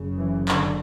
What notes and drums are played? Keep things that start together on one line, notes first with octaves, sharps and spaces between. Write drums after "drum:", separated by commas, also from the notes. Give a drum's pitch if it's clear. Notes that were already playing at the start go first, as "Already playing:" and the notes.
Already playing: F#1 F#2 C#3
E3
D3, drum: clap